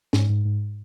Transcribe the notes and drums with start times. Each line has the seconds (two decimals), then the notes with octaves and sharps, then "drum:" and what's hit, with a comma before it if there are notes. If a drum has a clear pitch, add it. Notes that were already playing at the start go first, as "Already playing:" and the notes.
0.13 G#2, drum: snare
0.29 G#2
0.45 G#2